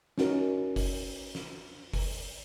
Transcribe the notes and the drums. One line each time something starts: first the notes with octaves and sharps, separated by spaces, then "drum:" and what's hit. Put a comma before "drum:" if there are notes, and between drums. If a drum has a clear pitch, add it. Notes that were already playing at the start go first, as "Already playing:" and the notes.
C#4 D#4 F#4 A#4, drum: snare
drum: kick F#1, open hi-hat
drum: snare
drum: kick F#1, open hi-hat